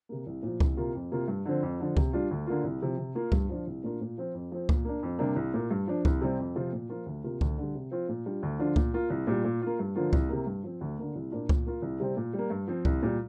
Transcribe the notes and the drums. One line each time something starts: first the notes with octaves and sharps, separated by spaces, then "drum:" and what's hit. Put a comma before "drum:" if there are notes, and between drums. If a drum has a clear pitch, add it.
C3 A#3
C2
A#2 F3
C2, drum: kick C#2
C3 A#3 F4
F2
C3 A#3 F4
G2
D3 F3 C4
F2
D3 F3
C3, drum: kick C#2
G3 D4 F4
D2
D3 A#3 F4
C2
C3 F3
C3
A#3 F4
G2, drum: kick C#2
F3 D4 F4
C2
A#2 A#3 D4 F4
A#2
F3 C4 F4
F2
F3 C4
A#2, drum: kick C#2
A#3 D4
F2
C3 G3 A#3 D4
C2
A#2 A#3
G2
F3 D4
C2, drum: kick C#2
C3 G3 C4
F2
C3 F3 C4 F4
A#2
F3 A#3 F4
D2
C3 A#3 F4
D2, drum: kick C#2
D3 G3
C3
F3 C4 F4
A#2
G3 D4 F4
D2
D3 F3 D4 F4
A#2, drum: kick C#2
A#3 F4
C2
A#2 G3
A#2
A#3 F4
G2
D3 F3 A#3 F4
C2, drum: kick C#2
C3 A#3
G2
F3 C4
D2
D3 A#3
C2
A#2 A#3 D4 F4
A#2, drum: kick C#2
A#3 F4
C2
C3 G3 C4
A#2
G3
A#3
G2
F3 C4
C2, drum: kick C#2
A#2 G3